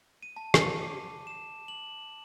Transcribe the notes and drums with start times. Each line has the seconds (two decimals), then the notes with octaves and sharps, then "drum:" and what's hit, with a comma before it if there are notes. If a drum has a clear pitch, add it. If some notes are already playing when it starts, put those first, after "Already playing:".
0.23 D#7
0.36 A5
0.54 drum: rim click
0.82 D6
1.27 E7
1.68 F#7